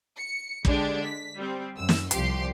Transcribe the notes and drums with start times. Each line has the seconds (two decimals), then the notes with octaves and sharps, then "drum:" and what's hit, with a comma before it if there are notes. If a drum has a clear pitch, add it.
0.18 C#7
0.65 D3 G#3 D4 G4, drum: kick
1.05 B6
1.37 G3 C4
1.75 F#2 E6
1.89 drum: snare
2.11 C2 F3 G4 C6, drum: hi-hat